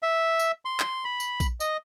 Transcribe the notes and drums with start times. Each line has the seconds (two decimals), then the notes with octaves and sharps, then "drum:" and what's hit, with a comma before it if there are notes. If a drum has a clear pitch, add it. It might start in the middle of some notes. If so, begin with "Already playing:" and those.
0.03 E5
0.39 drum: tambourine
0.65 C6
0.80 drum: clap
1.05 B5
1.20 drum: tambourine
1.40 drum: kick A#1, tambourine
1.60 D#5, drum: tambourine